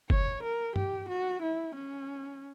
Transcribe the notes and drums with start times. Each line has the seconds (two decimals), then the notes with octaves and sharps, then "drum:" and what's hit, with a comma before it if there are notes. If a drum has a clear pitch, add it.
0.10 C#5, drum: kick
0.43 A#4
0.76 G4, drum: tom
1.08 F#4
1.42 E4
1.75 C#4